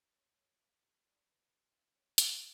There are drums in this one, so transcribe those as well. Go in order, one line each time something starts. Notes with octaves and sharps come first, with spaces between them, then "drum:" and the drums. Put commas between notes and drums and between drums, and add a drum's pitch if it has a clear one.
F#3
F#3
A#3
F#4
D4
B3
B3
F4
C#4
C#4, drum: hi-hat